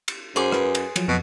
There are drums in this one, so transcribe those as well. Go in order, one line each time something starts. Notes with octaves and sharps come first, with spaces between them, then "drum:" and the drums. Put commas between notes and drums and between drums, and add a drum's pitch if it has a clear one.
drum: cymbal
F#2 G#4 C5 C6 D6
B4, drum: rim click
drum: cymbal
F3 F#3, drum: cymbal
F2 B2